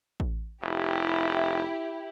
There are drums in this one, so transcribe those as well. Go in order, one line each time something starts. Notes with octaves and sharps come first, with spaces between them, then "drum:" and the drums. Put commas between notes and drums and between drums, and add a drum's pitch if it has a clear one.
drum: kick A1
F1 E4 G4